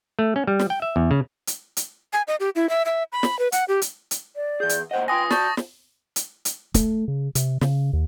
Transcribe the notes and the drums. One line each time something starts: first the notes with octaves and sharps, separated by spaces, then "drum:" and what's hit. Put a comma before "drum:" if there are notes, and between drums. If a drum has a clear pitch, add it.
A3
C#4
G3
drum: snare
G5
E5
E2
C#3
drum: hi-hat
drum: hi-hat
G#5
D#5
G4
E4
E5
E5
B5
drum: snare
B4
F#5, drum: hi-hat
G4
drum: hi-hat
drum: hi-hat
D5
E3 G#4 G6
drum: hi-hat
A#2 C5 D#5 F#5 G5
F4 B4 G5 G#5 C6 D#6 A#6
F#4 D5 A5 C#6 G6 A6, drum: snare
drum: snare
drum: hi-hat
drum: hi-hat
A3, drum: kick, hi-hat
C#3
C3, drum: hi-hat
C#3, drum: snare
D#2